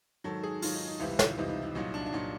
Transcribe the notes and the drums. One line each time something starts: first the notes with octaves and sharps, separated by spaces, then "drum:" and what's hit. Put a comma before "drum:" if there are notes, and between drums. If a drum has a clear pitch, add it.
G#2 D#3 F#3 A4
G#4
G#2 D#3 F#3 F4, drum: open hi-hat
D#4
D#4
C#2 C3 E3 G3 E4
F4, drum: snare
C#2 C3 E3 G3 D#4
D#4
E4
C2 A#2 F#3 D#4
D4
D4
A#2 F#3 D#4